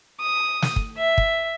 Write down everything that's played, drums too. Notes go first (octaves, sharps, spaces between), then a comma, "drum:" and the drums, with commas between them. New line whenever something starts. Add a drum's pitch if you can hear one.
D#6
drum: snare
drum: kick
E5
drum: kick